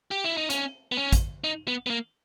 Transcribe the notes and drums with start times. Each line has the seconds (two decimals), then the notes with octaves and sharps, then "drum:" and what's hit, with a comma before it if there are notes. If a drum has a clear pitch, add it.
0.11 G4
0.24 E4
0.37 D#4
0.50 C#4, drum: hi-hat
0.92 B3
0.97 C#4
1.12 drum: kick A1, hi-hat
1.44 D#4
1.68 B3
1.87 B3
1.90 A#3